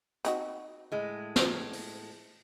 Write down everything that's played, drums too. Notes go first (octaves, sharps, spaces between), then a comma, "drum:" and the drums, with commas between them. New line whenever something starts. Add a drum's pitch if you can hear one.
C4 D#4 F#4, drum: hi-hat
A2 G#3
drum: snare
drum: open hi-hat